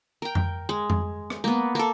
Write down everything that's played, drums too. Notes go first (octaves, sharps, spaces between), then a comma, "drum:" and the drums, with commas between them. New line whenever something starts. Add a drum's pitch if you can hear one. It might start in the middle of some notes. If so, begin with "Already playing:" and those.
A#4 G5
drum: tom F2
G#3
drum: tom F2
drum: rim click
A#3 B3, drum: tom G#3
A#3 A4